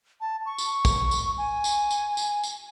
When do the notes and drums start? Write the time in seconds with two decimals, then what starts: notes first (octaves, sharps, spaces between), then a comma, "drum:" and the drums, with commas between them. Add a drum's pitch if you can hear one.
0.21 A5
0.46 C#6
0.58 drum: tambourine
0.85 drum: kick, tambourine
1.11 drum: tambourine
1.38 G#5
1.64 drum: tambourine
1.91 drum: tambourine
2.17 drum: tambourine
2.43 drum: tambourine